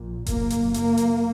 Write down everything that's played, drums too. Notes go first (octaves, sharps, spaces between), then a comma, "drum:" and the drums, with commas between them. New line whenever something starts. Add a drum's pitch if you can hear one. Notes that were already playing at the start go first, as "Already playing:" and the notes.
Already playing: A#1 A#2
F#1 F#2 A#3, drum: kick E1, hi-hat
drum: hi-hat
A#3, drum: hi-hat
drum: hi-hat